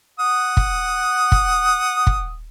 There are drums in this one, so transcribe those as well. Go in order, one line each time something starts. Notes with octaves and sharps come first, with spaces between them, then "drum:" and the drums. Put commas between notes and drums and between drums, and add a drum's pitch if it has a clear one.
F#5 D#6
drum: kick
drum: kick
drum: kick